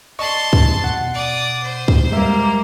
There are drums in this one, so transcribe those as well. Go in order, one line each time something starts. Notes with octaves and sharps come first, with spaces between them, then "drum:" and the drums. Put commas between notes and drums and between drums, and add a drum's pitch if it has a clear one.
D5 D#5 A5 C6 C#6
drum: kick
B2 F#5
D5 D#6
C5
drum: kick
G3 G#3 A#3 E5